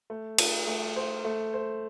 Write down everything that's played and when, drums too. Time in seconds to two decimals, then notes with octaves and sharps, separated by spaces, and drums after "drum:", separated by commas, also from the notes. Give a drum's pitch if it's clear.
0.10 A3
0.38 A4, drum: cymbal
0.67 A3
0.96 C5
1.25 A3
1.54 C5